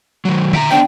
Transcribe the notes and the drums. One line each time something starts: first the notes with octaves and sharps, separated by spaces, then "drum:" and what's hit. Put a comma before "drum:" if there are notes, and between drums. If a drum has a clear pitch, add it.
D#3 F#3
E5 G5 A#5, drum: tom D3
B3 D4 C5 G5